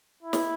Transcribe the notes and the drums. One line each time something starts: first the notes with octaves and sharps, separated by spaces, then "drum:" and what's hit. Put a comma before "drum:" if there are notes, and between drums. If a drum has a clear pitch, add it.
E4
drum: snare